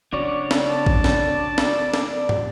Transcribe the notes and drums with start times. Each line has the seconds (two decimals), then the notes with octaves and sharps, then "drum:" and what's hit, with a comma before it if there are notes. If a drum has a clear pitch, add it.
0.13 C#3 D4 F#4 C#5 D5
0.51 drum: snare
0.69 A5
0.86 drum: kick A1
1.04 drum: snare
1.58 drum: snare
1.94 drum: snare
2.29 drum: tom